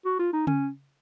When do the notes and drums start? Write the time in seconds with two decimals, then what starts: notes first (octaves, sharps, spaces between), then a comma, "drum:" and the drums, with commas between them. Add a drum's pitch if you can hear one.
0.05 F#4
0.19 F4
0.33 D#4
0.47 C#4, drum: tom C#3